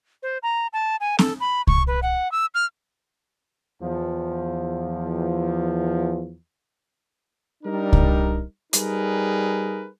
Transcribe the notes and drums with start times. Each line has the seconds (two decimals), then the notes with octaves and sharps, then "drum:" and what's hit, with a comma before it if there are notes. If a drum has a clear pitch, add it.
0.23 C5
0.43 A#5
0.73 A5
1.00 G#5
1.19 A4, drum: snare C4
1.40 B5
1.67 C#6, drum: kick C2
1.87 B4
2.03 F#5
2.32 E6
2.54 F6
3.82 E2 F3
7.64 G3 D4 D#4 A#4
7.93 drum: kick C2
8.73 G3 D#4 G#4 A#4 B4, drum: hi-hat